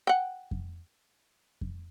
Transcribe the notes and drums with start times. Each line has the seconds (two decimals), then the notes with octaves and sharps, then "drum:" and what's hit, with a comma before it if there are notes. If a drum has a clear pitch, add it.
0.07 F#5 G5
0.51 drum: kick F2
1.61 drum: kick F2